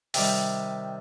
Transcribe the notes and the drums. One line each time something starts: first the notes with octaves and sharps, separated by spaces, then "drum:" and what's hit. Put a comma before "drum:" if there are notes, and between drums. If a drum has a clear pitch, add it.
C3 D#3 G3, drum: open hi-hat